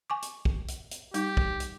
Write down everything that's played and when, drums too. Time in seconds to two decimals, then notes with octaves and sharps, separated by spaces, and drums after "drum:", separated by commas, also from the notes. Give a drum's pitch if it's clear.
0.10 G#5 C#6 D6
0.22 drum: hi-hat
0.45 drum: kick
0.68 drum: hi-hat
0.91 drum: hi-hat
1.14 G3 D#4 G4, drum: hi-hat
1.37 drum: kick
1.60 drum: hi-hat